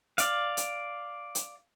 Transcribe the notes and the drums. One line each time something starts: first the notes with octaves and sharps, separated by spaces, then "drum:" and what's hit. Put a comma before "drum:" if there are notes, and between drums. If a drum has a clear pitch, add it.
D5 F5, drum: hi-hat
drum: hi-hat
drum: hi-hat